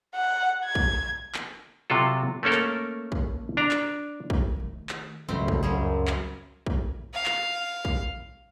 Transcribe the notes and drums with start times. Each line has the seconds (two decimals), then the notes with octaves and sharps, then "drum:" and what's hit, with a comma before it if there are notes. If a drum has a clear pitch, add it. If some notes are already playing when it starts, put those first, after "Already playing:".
0.15 F#5
0.64 G#6
0.75 drum: kick
1.34 drum: clap
1.90 C3 F#3 F4 A4
2.43 A3 A#3 C#4 A4 A#4
2.53 drum: clap
3.12 drum: kick
3.57 D4 D5 A#5
3.71 drum: clap
4.30 drum: kick
4.56 D#3 A3
4.89 drum: clap
5.29 C#2 G2 B2 F#3 G3 A3 C4
5.48 drum: kick
5.63 F#2 F3 G3 G#4
6.07 drum: clap
6.66 drum: kick
7.14 F5
7.26 drum: clap
7.85 drum: kick